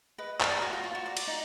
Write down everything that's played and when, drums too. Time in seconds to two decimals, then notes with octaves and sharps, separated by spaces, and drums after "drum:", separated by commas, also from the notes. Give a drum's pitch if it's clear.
0.18 B4 D#5
0.41 D5, drum: clap
0.51 A#4
0.62 F#4
0.73 F4
0.84 F4
0.95 F#4
1.06 D5
1.17 D5, drum: cymbal
1.27 D#4